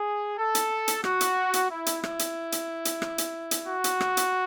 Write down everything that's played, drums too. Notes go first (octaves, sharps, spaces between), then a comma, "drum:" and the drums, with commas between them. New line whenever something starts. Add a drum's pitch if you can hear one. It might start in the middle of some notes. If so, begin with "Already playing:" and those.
Already playing: G#4
A4
drum: hi-hat
drum: hi-hat
F#4, drum: rim click
drum: hi-hat
drum: hi-hat
E4
drum: hi-hat
E4, drum: rim click
drum: hi-hat
drum: hi-hat
drum: hi-hat
drum: rim click
drum: hi-hat
drum: hi-hat
F#4
drum: hi-hat
drum: rim click
drum: hi-hat